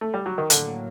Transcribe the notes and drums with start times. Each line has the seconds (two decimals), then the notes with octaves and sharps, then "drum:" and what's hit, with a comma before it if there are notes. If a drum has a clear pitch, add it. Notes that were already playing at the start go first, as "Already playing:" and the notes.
0.01 A3
0.14 G3
0.26 F#3
0.38 D#3
0.50 A2 D3 F#3 A#3, drum: hi-hat